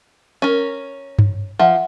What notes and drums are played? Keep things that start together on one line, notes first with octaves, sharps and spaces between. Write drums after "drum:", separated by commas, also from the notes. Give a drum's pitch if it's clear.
C#4 A#4
drum: tom G2
F3 E5 F#5